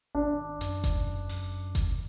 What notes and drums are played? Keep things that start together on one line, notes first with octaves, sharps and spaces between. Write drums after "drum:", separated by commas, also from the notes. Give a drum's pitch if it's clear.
G#1 D4
F#2, drum: hi-hat
drum: kick F#1, hi-hat
drum: open hi-hat
drum: kick F#1, hi-hat